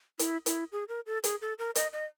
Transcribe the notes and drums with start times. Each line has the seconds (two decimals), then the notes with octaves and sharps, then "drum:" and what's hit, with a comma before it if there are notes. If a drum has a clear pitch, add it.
0.19 E4, drum: hi-hat
0.46 E4, drum: hi-hat
0.72 G#4
0.88 A#4
1.06 A4
1.24 G#4, drum: hi-hat
1.41 A4
1.59 A#4
1.75 D#5, drum: hi-hat
1.93 D#5